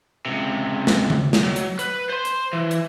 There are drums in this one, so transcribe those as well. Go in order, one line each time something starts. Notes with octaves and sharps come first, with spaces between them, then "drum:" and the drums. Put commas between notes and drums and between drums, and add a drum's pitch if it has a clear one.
C#2 C3
drum: snare
drum: tom C#3
drum: snare
F#3
drum: hi-hat
B4, drum: hi-hat
C5 C6
drum: hi-hat
E3
drum: hi-hat